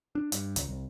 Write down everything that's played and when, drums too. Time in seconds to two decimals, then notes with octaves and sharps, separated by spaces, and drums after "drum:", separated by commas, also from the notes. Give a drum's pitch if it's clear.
0.15 D4
0.32 G2, drum: hi-hat
0.56 C#2, drum: hi-hat
0.68 C2